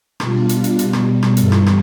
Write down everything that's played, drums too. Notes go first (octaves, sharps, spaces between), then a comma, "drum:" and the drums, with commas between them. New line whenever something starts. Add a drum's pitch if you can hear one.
B2 G3 D4 F4, drum: rim click
drum: hi-hat
drum: hi-hat
B2 G3, drum: hi-hat
drum: rim click
drum: rim click
G2 E3 G3 F4 A4, drum: hi-hat
drum: rim click
drum: rim click